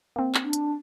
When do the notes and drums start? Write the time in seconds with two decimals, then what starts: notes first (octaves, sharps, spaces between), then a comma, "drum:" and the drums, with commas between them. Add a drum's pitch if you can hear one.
0.16 A#3 C4
0.35 drum: clap
0.44 D4
0.53 drum: hi-hat